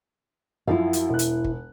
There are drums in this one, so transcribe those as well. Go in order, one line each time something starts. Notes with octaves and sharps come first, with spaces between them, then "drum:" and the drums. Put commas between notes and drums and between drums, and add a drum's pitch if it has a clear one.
F#2 F3 E4 F5
drum: hi-hat
E1 F#6
drum: hi-hat
drum: kick